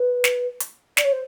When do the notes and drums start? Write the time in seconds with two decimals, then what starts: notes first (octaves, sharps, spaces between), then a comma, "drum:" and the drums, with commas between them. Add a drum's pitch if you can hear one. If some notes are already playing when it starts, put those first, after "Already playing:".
Already playing: B4
0.24 drum: snare
0.60 drum: hi-hat
0.97 D5, drum: snare
1.04 C#5
1.12 C5